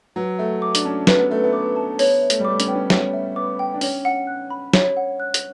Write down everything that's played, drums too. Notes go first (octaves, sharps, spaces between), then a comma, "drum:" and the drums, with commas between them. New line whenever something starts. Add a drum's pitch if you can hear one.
F#3 B4
A3 E5
D6
D4, drum: hi-hat
C#4 A5
C#4 B4, drum: snare
B3
A3 E5
B3
D6
A5
B3 C#5, drum: open hi-hat
E5
A3, drum: hi-hat
G3
A3 D6
C#4, drum: hi-hat
B3 G5
C#4
B3 C#5, drum: snare
E5
B3 D6
G5
D4
C#4 C#5, drum: open hi-hat
F#5
F#6
B5
C#5, drum: snare
F#5
F#6
drum: hi-hat